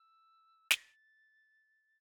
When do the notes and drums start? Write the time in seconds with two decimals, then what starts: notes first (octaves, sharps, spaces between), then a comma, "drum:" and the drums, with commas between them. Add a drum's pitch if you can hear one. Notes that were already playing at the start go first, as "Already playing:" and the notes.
Already playing: E6
0.71 A6, drum: snare